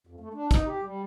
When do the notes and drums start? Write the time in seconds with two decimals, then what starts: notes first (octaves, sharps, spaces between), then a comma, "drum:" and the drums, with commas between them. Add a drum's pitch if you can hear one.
0.07 F2
0.20 A3
0.34 D4
0.51 D#4, drum: kick, hi-hat
0.67 G4
0.83 G3